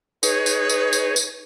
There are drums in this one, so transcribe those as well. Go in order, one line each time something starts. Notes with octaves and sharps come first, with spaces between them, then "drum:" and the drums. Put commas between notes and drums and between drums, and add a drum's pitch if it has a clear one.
D#4 G#4 B4 C#5, drum: tambourine
drum: tambourine
drum: tambourine
drum: tambourine
drum: tambourine